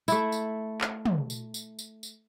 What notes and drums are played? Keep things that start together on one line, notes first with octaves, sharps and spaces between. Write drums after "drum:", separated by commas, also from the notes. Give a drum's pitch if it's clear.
A3 E4, drum: tambourine
drum: tambourine
drum: clap
drum: tom
drum: tambourine
drum: tambourine
drum: tambourine
drum: tambourine